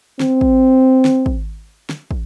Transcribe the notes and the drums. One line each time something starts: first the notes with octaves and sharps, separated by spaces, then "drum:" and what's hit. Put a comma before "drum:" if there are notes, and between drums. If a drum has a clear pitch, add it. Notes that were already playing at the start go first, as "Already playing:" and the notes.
C4, drum: snare
drum: kick
drum: snare
drum: kick
drum: snare
drum: kick